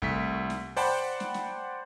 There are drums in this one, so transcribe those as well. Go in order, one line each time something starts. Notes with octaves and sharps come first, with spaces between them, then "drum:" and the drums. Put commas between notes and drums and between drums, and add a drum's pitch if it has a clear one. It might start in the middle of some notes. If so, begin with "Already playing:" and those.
C2 A3 B6, drum: kick
drum: snare
C5 D5 F#5 G5 A5 B5, drum: open hi-hat
drum: snare
drum: snare